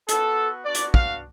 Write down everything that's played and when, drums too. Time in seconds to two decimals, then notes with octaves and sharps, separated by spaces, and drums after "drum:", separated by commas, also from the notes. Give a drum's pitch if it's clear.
0.09 B3 F#4 A4, drum: hi-hat
0.65 B3 D4 F#4 D5
0.75 drum: hi-hat
0.94 F5, drum: kick